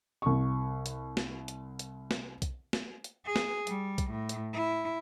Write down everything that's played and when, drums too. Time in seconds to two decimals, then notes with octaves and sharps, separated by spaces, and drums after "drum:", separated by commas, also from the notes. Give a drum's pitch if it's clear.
0.22 C2 C#6
0.86 drum: hi-hat
1.17 drum: snare
1.48 drum: hi-hat
1.79 drum: hi-hat
2.11 drum: snare
2.42 drum: kick B1, hi-hat
2.73 drum: snare
3.04 drum: hi-hat
3.25 G#4
3.36 drum: snare
3.67 G3, drum: hi-hat
3.98 drum: kick B1, hi-hat
4.12 A2
4.29 drum: hi-hat
4.53 E4